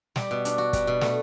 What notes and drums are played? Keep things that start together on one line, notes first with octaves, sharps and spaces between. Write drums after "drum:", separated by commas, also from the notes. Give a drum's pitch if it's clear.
G3, drum: snare
B2
D4, drum: hi-hat
F#4
G3, drum: kick, hi-hat
B2
A3, drum: snare